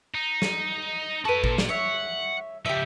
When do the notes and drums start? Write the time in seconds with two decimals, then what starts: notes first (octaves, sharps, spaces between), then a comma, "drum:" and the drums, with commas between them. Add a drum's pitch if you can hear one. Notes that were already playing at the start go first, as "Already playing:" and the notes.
0.15 D#4
0.42 drum: snare
1.25 F#4 A4 B4 G#5
1.44 A#2, drum: kick G#1
1.58 drum: snare
1.69 C#5 E5 F#5
2.66 C#3 F3 G4 E5